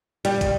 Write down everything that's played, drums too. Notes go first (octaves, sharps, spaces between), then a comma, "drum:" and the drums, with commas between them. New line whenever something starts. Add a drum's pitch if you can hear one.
G3, drum: hi-hat
drum: kick, hi-hat